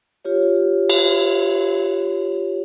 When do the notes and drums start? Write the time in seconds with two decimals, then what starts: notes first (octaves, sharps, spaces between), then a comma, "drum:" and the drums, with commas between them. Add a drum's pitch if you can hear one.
0.25 F4 G4 C#5
0.90 drum: cymbal